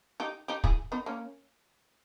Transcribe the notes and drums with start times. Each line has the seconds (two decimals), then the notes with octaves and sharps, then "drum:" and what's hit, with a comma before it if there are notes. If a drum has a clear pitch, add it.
0.20 D#4 G4
0.48 D#4 G4
0.64 E4 G#4, drum: kick
0.92 B3 D#4
1.06 A#3 C#4